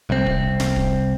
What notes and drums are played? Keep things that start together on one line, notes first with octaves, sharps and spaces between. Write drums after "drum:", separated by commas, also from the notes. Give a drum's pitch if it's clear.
C2 C4
drum: kick
drum: snare
drum: kick